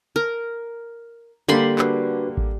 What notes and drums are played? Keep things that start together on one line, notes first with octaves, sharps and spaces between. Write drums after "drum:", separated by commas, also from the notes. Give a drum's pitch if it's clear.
A#4
D3 G3 A#3 B5 C6
D4 F#4 B4, drum: clap
drum: kick